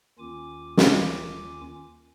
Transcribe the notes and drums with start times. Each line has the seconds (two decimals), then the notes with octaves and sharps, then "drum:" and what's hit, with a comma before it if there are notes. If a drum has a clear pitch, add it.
0.19 D#2 D#3 C#4 F4 G#5 D6
0.77 drum: snare